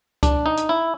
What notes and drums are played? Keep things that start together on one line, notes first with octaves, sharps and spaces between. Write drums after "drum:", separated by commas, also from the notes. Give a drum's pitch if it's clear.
D4, drum: kick C#2, hi-hat
D#4
drum: hi-hat
E4